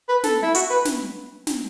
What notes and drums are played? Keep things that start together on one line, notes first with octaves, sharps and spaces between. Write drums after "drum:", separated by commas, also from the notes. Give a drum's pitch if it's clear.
B4
A4, drum: snare
E4
F#4, drum: hi-hat
B4
drum: snare
drum: snare